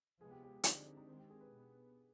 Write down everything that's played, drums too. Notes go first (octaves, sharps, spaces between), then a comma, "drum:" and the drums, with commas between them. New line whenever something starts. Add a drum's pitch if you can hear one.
C3 F3 G#3 B3 G#4
G4
G4
D3 G#3 C4 D#4, drum: hi-hat
D4
D4
D#4
D#3 G#3 C4
G4
G#4
B4
B2 B3